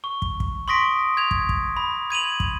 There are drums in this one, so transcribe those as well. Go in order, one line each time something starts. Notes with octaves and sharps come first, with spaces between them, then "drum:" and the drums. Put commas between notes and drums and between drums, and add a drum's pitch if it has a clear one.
C#6
drum: kick
drum: kick
C6 C#6 D#6 A#6 B6 D7
G#6 F7
drum: kick
drum: kick
B5
G#6 D#7 F7 F#7
drum: kick